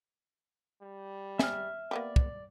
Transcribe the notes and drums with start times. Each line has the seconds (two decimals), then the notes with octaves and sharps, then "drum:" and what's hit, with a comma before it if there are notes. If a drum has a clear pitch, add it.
0.82 G3
1.39 G#4 E5 F6, drum: snare
1.91 A#3 B3 G4 D5
2.16 drum: kick